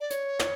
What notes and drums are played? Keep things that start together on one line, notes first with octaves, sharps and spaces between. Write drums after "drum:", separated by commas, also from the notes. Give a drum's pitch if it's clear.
D5
C#5, drum: hi-hat
drum: snare